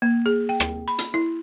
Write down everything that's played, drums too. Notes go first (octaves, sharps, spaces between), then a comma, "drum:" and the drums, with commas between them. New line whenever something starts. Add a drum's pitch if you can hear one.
A#3
G#4
G5
drum: rim click
B5
drum: hi-hat
E4